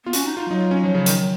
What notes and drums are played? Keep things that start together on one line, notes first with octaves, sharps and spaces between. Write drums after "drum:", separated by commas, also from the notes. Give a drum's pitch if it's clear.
B3 F4
C#4 F#4, drum: hi-hat
D#4
D#4 F4
F#3 D#4
F4
C#4
F3
C#3
D#3, drum: hi-hat